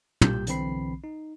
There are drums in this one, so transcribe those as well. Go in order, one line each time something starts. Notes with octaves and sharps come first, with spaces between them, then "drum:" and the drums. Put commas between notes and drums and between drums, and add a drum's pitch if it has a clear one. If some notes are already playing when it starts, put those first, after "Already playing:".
B1 A#2 G4 G6, drum: tom
B1 D3 E3 C4 B5 C7, drum: hi-hat
D#4